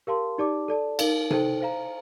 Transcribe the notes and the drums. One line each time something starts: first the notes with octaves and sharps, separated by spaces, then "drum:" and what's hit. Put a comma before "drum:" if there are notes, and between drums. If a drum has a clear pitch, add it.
G4 A#4 F5 A5 C6
D#4 G4 D5 A5 D6
A4 D5 A5
D#4 A#4 F5, drum: cymbal
D#4 A4 C5 G5, drum: tom C3
C5 F5 A#5